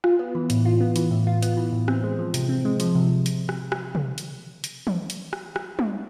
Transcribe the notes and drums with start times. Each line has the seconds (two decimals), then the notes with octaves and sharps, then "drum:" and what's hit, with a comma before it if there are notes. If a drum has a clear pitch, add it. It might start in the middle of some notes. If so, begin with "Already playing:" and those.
0.04 F4, drum: rim click
0.19 B3
0.35 E3
0.50 A2, drum: hi-hat
0.65 F4
0.81 B3
0.96 E3, drum: hi-hat
1.11 A2
1.27 F4
1.43 B3, drum: hi-hat
1.57 E3
1.73 A2
1.88 C4, drum: rim click
2.04 G#3
2.19 F3
2.34 C3, drum: hi-hat
2.49 C4
2.65 G#3
2.80 F3, drum: hi-hat
2.95 C3
3.26 drum: hi-hat
3.49 drum: rim click
3.72 drum: rim click
3.95 drum: tom
4.18 drum: hi-hat
4.64 drum: hi-hat
4.87 drum: tom
5.10 drum: hi-hat
5.33 drum: rim click
5.56 drum: rim click
5.79 drum: tom